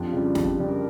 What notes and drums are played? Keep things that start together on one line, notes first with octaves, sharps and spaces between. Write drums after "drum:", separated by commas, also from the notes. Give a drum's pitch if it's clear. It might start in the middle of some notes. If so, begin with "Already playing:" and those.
Already playing: F2 D4 F4 G4
C#3 G3
F2, drum: snare
C#3 G3
A#4